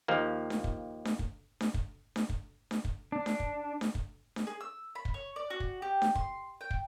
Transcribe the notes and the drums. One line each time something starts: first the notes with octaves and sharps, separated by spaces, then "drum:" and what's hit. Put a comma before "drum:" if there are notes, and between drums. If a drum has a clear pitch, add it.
D#2 F3 A#3
drum: snare D4
drum: kick
drum: snare D4
drum: kick
drum: snare D4
drum: kick
drum: snare D4
drum: kick
drum: snare D4
drum: kick
D4
drum: snare D4
drum: kick
drum: snare D4
drum: kick
drum: snare D4
G#4
E6
B5
drum: kick
C#5
D5
F#4
drum: kick
G4
drum: snare D4
C6, drum: kick
G5
drum: kick